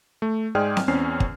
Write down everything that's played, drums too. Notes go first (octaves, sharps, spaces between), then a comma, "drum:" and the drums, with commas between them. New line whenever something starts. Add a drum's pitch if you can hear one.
A3
G#2 G#3 G#4 D5 G5 F6
drum: snare C4
E2 C4 C#4 F6 C7
drum: kick